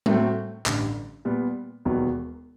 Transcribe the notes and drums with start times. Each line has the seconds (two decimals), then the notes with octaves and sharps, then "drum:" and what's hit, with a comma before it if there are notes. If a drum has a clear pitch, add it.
0.06 A2 F#3 A3 C4, drum: tom G3
0.66 A1 G2 D3, drum: clap
1.25 A#2 G3 B3
1.85 E1 D#2 D#3 F#3 B3